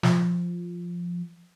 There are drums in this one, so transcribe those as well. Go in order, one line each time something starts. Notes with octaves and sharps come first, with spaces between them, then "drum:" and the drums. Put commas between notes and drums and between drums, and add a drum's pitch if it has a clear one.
F3, drum: snare